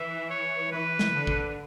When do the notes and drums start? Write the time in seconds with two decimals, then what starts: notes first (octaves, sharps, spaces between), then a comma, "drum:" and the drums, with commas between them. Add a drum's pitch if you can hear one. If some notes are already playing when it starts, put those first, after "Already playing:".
Already playing: E3 E5
0.30 C#5
0.71 E3 B4
0.99 drum: snare
1.13 D3
1.27 drum: kick